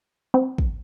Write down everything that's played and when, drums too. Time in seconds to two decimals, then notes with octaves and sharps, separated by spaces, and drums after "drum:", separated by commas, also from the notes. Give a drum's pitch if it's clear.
0.34 C4
0.58 drum: kick